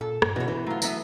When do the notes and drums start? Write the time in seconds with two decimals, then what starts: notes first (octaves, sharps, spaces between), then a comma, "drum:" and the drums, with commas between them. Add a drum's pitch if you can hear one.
0.01 A#2 A4
0.22 G2, drum: rim click
0.36 B2 E3 B3 F#4 C#5
0.48 E3 C5
0.67 F#3 A3 F4
0.82 F#3 B3 E5, drum: tambourine